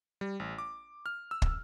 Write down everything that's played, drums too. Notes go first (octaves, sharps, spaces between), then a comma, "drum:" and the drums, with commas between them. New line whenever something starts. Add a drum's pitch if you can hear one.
G3
A1
D6
F6
E6
drum: kick